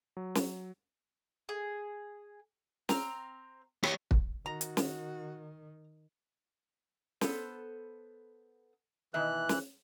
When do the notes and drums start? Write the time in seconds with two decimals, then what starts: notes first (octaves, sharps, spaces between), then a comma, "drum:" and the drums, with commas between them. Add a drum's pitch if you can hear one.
0.17 F#3
0.35 drum: snare
1.49 G#4
2.89 C4 A#5 F6, drum: snare
3.83 G4 C#5, drum: rim click
4.11 drum: kick
4.46 D#3 F#4 A#5
4.61 drum: hi-hat
4.77 drum: snare
7.21 B3 A4 C5, drum: snare
9.14 B2 D#3 E3 E5 F#6
9.49 drum: snare